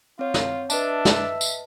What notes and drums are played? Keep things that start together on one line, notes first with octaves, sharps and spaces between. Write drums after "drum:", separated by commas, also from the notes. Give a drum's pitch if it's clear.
C4 F4 C#5
drum: snare
D4 B4 D#5 E5 A5, drum: tambourine
drum: snare
drum: tambourine